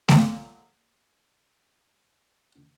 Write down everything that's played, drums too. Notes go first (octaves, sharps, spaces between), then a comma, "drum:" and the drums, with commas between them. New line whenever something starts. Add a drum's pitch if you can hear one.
A#3 G#4 D#5, drum: snare A3